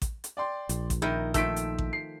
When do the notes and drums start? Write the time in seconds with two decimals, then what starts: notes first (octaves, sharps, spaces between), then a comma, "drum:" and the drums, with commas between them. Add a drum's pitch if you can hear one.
0.02 drum: kick A1, hi-hat
0.24 drum: hi-hat
0.37 D5 G5 C6
0.69 A#1, drum: hi-hat
0.90 drum: kick A1, hi-hat
1.02 D#3 E4 A#4 D#5 G6
1.34 D#3 F3 A3 E6 B6 D7, drum: kick A1, hi-hat
1.56 drum: hi-hat
1.78 drum: kick A1
1.93 C7